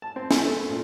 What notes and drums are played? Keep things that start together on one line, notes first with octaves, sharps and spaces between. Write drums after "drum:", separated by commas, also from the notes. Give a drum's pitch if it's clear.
A5
C4
E4, drum: snare
A3
A#2